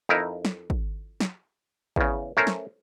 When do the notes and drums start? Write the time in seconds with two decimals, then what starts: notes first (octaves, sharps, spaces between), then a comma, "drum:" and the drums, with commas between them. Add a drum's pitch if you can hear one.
0.09 F2 D#4 E4 A#4
0.45 drum: snare
0.70 drum: kick
1.20 drum: snare
1.96 E2 C#3, drum: kick
2.37 A3 C#4 A#4 C5
2.47 drum: snare